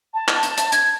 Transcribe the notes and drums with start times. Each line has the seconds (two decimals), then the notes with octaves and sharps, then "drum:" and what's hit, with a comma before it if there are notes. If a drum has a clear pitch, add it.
0.14 A5
0.28 drum: clap
0.43 drum: hi-hat
0.57 drum: hi-hat
0.72 G#6, drum: hi-hat